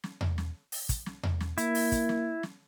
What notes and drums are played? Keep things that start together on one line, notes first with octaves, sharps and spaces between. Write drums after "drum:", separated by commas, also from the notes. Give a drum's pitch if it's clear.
drum: snare
drum: tom E2
drum: snare
drum: open hi-hat
drum: kick, hi-hat
drum: snare
drum: tom E2
drum: snare
A#3 E4, drum: hi-hat
drum: open hi-hat
drum: kick, hi-hat
drum: snare
drum: snare